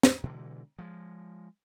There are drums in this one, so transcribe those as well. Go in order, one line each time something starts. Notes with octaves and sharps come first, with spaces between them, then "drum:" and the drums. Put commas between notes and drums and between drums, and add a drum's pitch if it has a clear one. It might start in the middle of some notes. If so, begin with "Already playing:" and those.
drum: snare
B2 D3 E3 G#3
F3 G#3